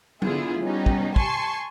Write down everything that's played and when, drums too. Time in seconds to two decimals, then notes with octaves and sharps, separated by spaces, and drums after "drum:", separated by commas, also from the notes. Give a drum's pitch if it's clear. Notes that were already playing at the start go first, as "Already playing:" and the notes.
0.22 D3 B3 E4 F4 G#4, drum: tom F#3
0.61 G3 B3 C#4 D#4 G4
0.86 drum: kick
1.16 G#5 A5 C6 C#6, drum: kick